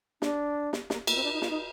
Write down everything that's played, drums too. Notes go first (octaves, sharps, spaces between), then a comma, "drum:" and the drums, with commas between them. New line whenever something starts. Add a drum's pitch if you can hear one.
D4, drum: snare
drum: snare
A#3, drum: snare
A#3, drum: cymbal
C4
D4
D#4
F4, drum: snare
D#4